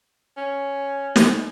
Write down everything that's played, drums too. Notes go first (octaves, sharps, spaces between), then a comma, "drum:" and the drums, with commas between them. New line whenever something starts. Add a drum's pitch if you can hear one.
C#4
drum: snare